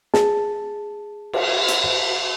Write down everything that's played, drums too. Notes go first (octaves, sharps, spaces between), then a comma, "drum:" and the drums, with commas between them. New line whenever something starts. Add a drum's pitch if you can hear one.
G#4 A5, drum: snare
drum: cymbal
drum: hi-hat